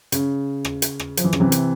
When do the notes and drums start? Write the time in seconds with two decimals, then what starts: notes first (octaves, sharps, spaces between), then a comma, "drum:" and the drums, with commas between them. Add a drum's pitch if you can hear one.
0.12 C#3, drum: hi-hat
0.65 drum: rim click
0.82 drum: hi-hat
0.99 drum: rim click
1.17 F3, drum: hi-hat
1.24 E3
1.33 C#3, drum: rim click
1.40 C3 E3
1.52 drum: hi-hat